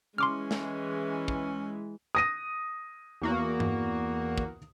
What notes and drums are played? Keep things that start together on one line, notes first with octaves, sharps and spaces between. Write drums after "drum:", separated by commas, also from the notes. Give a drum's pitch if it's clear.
E3 G#3 C#4 C6 D6 F6
drum: snare
drum: kick
D#6 A#6 D#7
E2 A#3 F#4
drum: tom G2
drum: kick